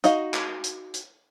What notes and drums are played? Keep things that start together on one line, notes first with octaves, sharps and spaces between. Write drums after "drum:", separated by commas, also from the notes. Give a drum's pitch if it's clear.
D#4 F#4 D#5 F5, drum: hi-hat
drum: clap
drum: hi-hat
drum: hi-hat